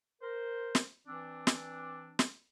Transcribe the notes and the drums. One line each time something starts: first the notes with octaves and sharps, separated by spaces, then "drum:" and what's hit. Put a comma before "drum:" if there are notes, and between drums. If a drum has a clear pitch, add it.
A#4 C5
drum: snare
E3 C4 D4
drum: snare
drum: snare